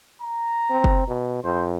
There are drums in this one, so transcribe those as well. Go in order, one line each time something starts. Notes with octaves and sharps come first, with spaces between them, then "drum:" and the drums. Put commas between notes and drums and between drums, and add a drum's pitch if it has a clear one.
A#5
C4
drum: kick F#1
B2
F2 C5